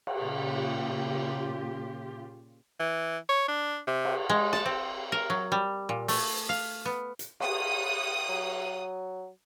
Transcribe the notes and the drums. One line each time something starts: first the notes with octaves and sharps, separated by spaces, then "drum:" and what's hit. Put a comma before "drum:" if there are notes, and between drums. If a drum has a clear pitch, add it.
drum: cymbal
A#2 C#3 F4 G4
E3
C#5
D4
C3
drum: cymbal
G#3
A5, drum: snare
C4
A#4
F#3
G3
A#2
A3, drum: open hi-hat
F5
B3
drum: hi-hat
D#6, drum: cymbal
F#3